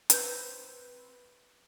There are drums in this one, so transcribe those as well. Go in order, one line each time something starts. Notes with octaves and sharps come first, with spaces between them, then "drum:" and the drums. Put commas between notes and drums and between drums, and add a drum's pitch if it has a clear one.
C4 B4 G6, drum: hi-hat